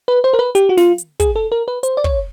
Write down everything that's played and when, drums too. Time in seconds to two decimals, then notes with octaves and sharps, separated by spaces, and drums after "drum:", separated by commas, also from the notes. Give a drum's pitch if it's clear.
0.08 B4
0.24 C5
0.33 A#4
0.39 B4
0.55 G4, drum: hi-hat
0.69 F#4
0.77 F4, drum: snare
0.98 drum: hi-hat
1.20 G#4, drum: kick, hi-hat
1.36 A4
1.52 A#4
1.68 B4
1.83 C5, drum: hi-hat
1.97 D5
2.04 C#5, drum: kick